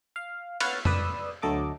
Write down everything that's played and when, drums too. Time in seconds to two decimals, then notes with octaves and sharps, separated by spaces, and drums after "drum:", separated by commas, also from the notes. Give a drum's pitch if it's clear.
0.16 F5
0.60 B4 C#5 F5 F#5 F6 A6, drum: cymbal
0.85 B4 D5 D#6 E6, drum: tom
1.42 D2 F#3 A3 A4 D#5 D6